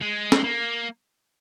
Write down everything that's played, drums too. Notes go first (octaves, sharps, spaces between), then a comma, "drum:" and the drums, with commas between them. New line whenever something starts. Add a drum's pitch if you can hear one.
G#3
drum: snare
A#3